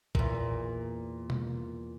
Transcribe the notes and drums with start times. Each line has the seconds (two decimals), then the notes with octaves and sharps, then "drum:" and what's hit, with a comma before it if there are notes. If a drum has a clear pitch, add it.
0.15 E2 A#2, drum: kick
1.30 drum: tom B2